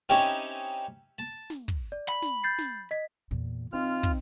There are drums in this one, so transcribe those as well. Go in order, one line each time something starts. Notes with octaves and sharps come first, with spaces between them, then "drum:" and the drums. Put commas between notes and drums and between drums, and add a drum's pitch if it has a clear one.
C4 C#4 D#4 E4 G4 C#5
A5
drum: snare
drum: kick
D5
B5
drum: snare
G6 A6 C7
drum: snare
D#5 B6
E2 A#2
D3 C4 D#4 F4 F6
drum: kick